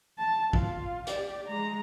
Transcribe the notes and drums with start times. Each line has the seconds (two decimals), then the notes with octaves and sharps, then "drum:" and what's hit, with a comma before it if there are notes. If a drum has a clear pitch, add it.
0.19 A5
0.53 F4, drum: kick
1.07 G4 D5, drum: hi-hat
1.48 G#3 A#5